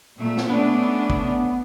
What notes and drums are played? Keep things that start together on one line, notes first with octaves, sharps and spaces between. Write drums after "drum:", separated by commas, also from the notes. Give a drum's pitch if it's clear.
A#2 A3
drum: snare
A3 B3 C#4 D4
drum: kick